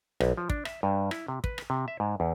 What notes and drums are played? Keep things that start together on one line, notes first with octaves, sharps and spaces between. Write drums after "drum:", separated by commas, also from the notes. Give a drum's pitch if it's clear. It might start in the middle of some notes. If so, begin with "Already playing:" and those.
B1, drum: rim click
F3
D4, drum: kick
E5, drum: rim click
G2
E4, drum: rim click
C3
B4, drum: kick
drum: rim click
C3
E5
G#2
E2